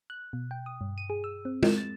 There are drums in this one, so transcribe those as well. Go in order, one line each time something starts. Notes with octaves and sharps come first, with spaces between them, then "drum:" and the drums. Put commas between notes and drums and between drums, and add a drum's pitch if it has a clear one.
F#6
B2
G5
D#6
G2
D#7
G#4
E6
C4
E7, drum: tom
A6